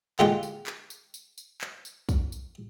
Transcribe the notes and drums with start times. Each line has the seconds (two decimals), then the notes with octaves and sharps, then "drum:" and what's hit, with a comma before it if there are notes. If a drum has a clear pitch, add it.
0.19 D3 G#3 F4 G4, drum: clap
0.43 drum: tambourine
0.67 drum: clap
0.90 drum: tambourine
1.14 drum: tambourine
1.38 drum: tambourine
1.61 drum: clap
1.85 drum: tambourine
2.09 drum: kick, tambourine
2.32 drum: tambourine